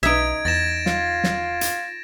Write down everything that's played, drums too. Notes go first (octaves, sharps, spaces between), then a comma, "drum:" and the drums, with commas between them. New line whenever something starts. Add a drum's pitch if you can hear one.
B1 D#4 E5 G#6 D7
E2 A6 A#6 E7
F4, drum: snare
drum: snare
drum: hi-hat